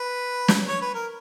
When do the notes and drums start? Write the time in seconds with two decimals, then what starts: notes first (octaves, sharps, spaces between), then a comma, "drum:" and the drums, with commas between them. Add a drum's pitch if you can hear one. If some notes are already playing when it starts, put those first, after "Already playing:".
Already playing: B4
0.48 drum: snare
0.68 C#5
0.81 B4
0.94 A#4